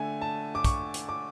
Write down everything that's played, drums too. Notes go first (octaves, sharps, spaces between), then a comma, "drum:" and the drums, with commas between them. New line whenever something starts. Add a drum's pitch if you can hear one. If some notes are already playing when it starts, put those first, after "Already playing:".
Already playing: D3 A3 G#5
A5
D6
C#6, drum: kick, hi-hat
drum: hi-hat
D6